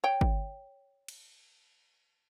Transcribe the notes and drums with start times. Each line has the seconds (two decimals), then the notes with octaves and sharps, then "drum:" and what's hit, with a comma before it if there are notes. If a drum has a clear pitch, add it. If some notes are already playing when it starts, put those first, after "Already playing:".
0.04 C#5 G5
0.21 drum: kick
1.08 drum: cymbal